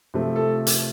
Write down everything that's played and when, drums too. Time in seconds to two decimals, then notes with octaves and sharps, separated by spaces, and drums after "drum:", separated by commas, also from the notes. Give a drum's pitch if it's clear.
0.14 C3 F3 A3
0.36 A4
0.67 drum: hi-hat